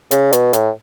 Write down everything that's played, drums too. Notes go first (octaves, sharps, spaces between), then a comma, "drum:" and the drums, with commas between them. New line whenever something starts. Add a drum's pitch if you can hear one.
C#3, drum: hi-hat
B2, drum: hi-hat
A2, drum: hi-hat